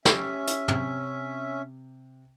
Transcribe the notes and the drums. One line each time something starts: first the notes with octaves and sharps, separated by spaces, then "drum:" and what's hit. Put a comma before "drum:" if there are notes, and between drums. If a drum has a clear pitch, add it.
C#4 G4 E5, drum: snare
drum: hi-hat
C3, drum: tom